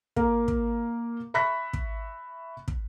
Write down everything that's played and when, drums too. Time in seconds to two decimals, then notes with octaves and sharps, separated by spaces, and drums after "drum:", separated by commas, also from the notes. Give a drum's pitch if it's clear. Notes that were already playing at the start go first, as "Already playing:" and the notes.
0.16 A#3 A#4 F5, drum: kick
0.48 drum: kick
1.34 E5 B5 C#6 F#6 A#6 B6
1.73 drum: kick
2.68 drum: kick